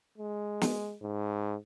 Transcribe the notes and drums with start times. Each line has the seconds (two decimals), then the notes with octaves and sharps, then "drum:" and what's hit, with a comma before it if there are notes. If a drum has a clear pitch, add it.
0.18 G#3
0.61 drum: snare
1.02 G#2